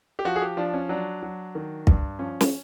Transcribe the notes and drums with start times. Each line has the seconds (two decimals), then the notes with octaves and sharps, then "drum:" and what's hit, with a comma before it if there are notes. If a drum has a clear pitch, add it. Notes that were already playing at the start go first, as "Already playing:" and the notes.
0.19 G4
0.25 F3 F#4
0.36 G#4
0.42 G4
0.57 F3 D4
0.74 C#4
0.89 F#3 D4
1.23 F#3
1.55 D#3
1.87 G2, drum: kick
2.19 F3 C#4
2.41 drum: snare